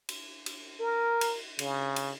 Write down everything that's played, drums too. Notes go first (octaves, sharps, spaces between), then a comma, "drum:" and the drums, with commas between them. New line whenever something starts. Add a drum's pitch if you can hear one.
drum: cymbal
drum: cymbal
A#4
drum: cymbal
C#3, drum: cymbal
drum: cymbal